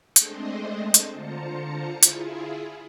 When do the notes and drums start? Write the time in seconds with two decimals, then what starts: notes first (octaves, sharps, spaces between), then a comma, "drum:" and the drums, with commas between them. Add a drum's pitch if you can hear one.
0.16 G#3 A3 C4 D4 C5 D#5, drum: hi-hat
0.94 drum: hi-hat
1.12 D3 F4 C5 A5 A#5 C#7
2.03 E4 F4 G#4, drum: hi-hat